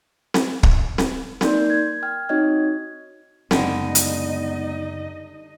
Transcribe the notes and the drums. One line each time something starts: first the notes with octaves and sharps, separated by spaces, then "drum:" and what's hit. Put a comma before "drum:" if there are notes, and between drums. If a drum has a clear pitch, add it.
drum: snare C4
drum: kick
drum: snare C4
A#3 D#4 A#4 D5 C6 G6, drum: snare C4
G#6
G5 F6
C4 D#4 F#4 C#5 D#5 G#6
F#1 D3 G3 G#3 B3 D#4 D#5, drum: snare C4
drum: hi-hat